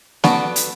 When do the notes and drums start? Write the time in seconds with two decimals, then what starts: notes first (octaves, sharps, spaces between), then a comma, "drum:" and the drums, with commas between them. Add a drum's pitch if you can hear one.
0.24 B3 D4 F#4 A4 D5, drum: snare A#3
0.56 drum: hi-hat